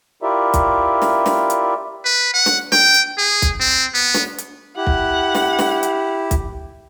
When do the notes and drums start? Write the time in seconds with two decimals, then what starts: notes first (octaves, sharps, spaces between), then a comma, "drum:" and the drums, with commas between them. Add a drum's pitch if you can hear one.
0.23 E4 F4 G4 A#4 D5 E5
0.54 drum: kick, hi-hat
1.02 drum: snare
1.26 drum: snare
1.50 drum: hi-hat
2.05 B4
2.34 F#5
2.46 drum: snare
2.72 G5, drum: snare
2.94 drum: hi-hat
3.18 G#4
3.42 drum: kick, hi-hat
3.60 C4
3.94 B3
4.14 drum: snare
4.38 drum: hi-hat
4.77 E4 G4 F#5
4.87 drum: kick
5.35 drum: snare
5.59 drum: snare
5.83 drum: hi-hat
6.31 drum: kick, hi-hat